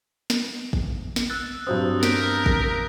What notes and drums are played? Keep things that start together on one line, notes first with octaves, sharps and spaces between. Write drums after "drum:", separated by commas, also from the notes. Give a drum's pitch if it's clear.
drum: snare
drum: kick
drum: snare
E6 F#6 A6
G2 F#3 C4 D#6
A#4 G6 B6 D7, drum: snare
drum: kick